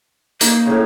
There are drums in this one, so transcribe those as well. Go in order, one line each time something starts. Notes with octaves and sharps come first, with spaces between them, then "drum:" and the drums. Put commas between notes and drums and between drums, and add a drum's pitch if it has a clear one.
A#3 D#4, drum: hi-hat
A2 C#3